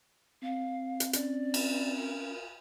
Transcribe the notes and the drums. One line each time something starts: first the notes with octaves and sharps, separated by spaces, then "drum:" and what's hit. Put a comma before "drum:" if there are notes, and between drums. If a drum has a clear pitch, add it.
C4 F5
drum: hi-hat
C#4 D5, drum: hi-hat
drum: cymbal
A#4